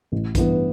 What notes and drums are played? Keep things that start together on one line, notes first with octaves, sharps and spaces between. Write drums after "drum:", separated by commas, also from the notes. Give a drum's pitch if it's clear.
A1
G2 E3 B3, drum: kick A#1, hi-hat